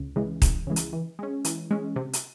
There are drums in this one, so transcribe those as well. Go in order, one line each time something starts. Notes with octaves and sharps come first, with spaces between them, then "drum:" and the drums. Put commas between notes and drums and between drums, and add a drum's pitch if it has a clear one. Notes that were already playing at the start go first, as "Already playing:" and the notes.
Already playing: C#2
C#3 E3 G#3
C#2, drum: kick D#1, hi-hat
C#3 E3 G#3
drum: hi-hat
E3
G#3 C#4
E3, drum: hi-hat
G#3 C#4
C3
drum: hi-hat